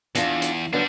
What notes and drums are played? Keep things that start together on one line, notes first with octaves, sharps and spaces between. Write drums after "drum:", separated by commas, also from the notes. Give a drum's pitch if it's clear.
E2 D4 F4, drum: hi-hat
drum: hi-hat
D3 F#3 G3 B3 D4